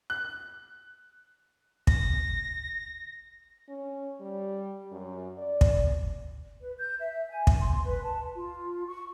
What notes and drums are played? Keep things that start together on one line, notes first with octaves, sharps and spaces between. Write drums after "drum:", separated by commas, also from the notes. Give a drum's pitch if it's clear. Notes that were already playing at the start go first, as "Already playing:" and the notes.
F#6
A#6, drum: kick
C#4
G3
F#2
D5
drum: kick
B4
G6
E5
G#5
drum: kick
C6
B4
A5
F4
C#6